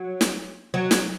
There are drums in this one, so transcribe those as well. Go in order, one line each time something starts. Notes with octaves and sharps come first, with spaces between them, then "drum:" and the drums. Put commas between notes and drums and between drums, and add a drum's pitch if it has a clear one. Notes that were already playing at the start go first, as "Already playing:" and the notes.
Already playing: F#3
drum: snare
F#3
drum: snare